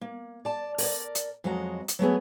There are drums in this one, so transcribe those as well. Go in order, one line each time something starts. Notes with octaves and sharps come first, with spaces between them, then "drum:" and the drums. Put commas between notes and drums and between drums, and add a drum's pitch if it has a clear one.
A#3
D5 A5
A#4 D5, drum: open hi-hat
drum: hi-hat
F2 F#3 G#3 D#5 F#5 A#5
drum: hi-hat
F#3 A3 B3 G#4